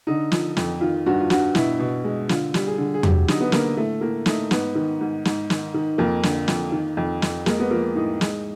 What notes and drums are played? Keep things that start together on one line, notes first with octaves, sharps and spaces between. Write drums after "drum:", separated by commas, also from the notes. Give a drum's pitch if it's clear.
D3 D#4
F3, drum: snare
F2, drum: snare
D#3 F4
G2 F#4
F4
G2 F#4, drum: snare
B2 E4, drum: snare
B2
G#3
D3 F4, drum: snare
G3, drum: snare
G#4
D3
G#4
F#3 G4, drum: tom E2
D3 D#4, drum: snare
B3
D3 A#3, drum: snare
A2 A3
A2 A#3
A3 D#4, drum: snare
G#2 B3, drum: snare
D#3
G#2
G#2, drum: snare
D#3, drum: snare
D#3
F2 A#3
D3, drum: snare
F2, drum: snare
D#3
F2
F2, drum: snare
G#3 A#3, drum: snare
B3
F3 A#3
A2 D#4
G#3, drum: snare